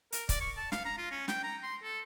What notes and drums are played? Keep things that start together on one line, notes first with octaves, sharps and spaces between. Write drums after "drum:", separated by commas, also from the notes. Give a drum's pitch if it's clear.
A#4, drum: hi-hat
D5, drum: kick, hi-hat
C#6
A5
F5, drum: snare
A#5
F4
C#4
G5, drum: snare
A#5
C6
A4